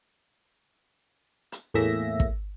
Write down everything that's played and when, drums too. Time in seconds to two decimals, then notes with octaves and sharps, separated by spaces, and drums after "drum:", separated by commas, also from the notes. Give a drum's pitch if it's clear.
1.52 drum: hi-hat
1.74 E2 A2 A#3 G#4 E5 A#6
2.20 drum: kick